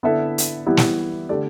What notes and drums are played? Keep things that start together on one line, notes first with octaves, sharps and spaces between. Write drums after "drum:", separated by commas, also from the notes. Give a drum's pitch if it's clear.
D3 B3 E4 A4 E5
drum: hi-hat
E3 G3 B3 E4 G4
drum: snare
D3 A3 G4 D5